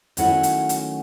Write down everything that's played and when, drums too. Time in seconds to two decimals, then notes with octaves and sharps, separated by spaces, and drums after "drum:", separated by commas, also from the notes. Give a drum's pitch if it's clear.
0.17 D#3 F#3 A3 C#4 E4 F#5, drum: hi-hat
0.43 drum: hi-hat
0.69 drum: hi-hat